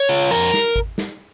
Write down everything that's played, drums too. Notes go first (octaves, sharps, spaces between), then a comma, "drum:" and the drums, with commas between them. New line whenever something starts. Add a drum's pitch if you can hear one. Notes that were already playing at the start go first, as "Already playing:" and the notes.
Already playing: C#5
F4
F2 A#4
drum: snare
drum: kick G#1
drum: snare